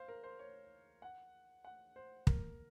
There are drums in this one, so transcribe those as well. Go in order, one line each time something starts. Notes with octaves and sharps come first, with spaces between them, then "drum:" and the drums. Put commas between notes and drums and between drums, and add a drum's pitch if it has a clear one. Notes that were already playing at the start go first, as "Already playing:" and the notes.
Already playing: C5 F5
A#4
C5
C#5
F#5
F#5
C5
A#4, drum: kick